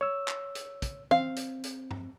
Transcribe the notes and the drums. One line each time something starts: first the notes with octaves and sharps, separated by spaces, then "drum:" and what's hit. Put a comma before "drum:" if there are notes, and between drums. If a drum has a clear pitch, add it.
C#5 E6
drum: clap
drum: hi-hat
drum: kick, hi-hat
C4 F5, drum: tom
drum: hi-hat
drum: hi-hat
drum: tom G2